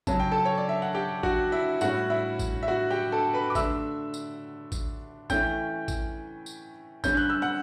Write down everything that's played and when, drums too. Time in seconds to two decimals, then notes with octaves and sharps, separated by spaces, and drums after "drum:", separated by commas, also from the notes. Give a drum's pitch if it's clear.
0.07 C#3 F#3 C#4 A5, drum: kick G#1, tambourine
0.20 G5
0.31 A4 A5
0.45 C#5
0.58 D5
0.69 E5
0.82 F#5
0.95 G4 G5
1.23 F#4 F#5, drum: kick G#1
1.52 E4 E5
1.81 A2 G3 C#4 F#4 F#5, drum: tambourine
2.10 E4 E5
2.39 drum: kick G#1, tambourine
2.63 E5
2.68 F#4 F#5
2.90 G4 G5
3.12 A4 A5
3.34 B4 B5
3.50 D6
3.55 D3 A3 D4 E5 E6, drum: kick G#1, tambourine
4.14 drum: tambourine
4.72 drum: kick G#1, tambourine
5.30 E3 A3 C#4 G5 G6, drum: kick G#1, tambourine
5.88 drum: kick G#1, tambourine
6.46 drum: tambourine
7.04 D3 G3 C#4 G6, drum: kick G#1, tambourine
7.17 F#6
7.30 E6
7.42 F#5 F#6